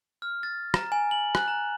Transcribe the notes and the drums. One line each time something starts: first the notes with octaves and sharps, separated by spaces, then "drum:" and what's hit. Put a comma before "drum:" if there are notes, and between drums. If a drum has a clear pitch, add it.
F6
A6
A#5, drum: rim click
G#5
F#7
F#6, drum: rim click
A#5